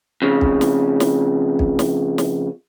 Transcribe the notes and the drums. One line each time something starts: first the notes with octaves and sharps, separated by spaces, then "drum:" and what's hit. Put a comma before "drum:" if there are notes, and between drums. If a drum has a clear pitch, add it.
F2 C#3
drum: kick B1
drum: snare
drum: snare
drum: kick B1
drum: snare
drum: snare